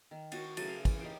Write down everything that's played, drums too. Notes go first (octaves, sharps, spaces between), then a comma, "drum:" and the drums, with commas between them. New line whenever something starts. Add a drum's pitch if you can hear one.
D#3
F#4 C5 C#5 A5, drum: cymbal
C#3 F#3 A3, drum: cymbal
F5
E3, drum: kick, cymbal
D#4 G4 C5 G5